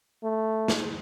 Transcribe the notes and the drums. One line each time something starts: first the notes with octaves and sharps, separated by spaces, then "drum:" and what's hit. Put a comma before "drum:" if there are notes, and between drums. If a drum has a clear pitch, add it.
A3
drum: snare